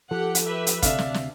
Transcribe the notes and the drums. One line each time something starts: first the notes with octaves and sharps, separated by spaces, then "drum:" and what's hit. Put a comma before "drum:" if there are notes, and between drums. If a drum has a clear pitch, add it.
F3 G4 A4 F#5
drum: hi-hat
G4 B4 E5
drum: hi-hat
D2 C3 D4 E5 F5, drum: kick, hi-hat
drum: snare
drum: snare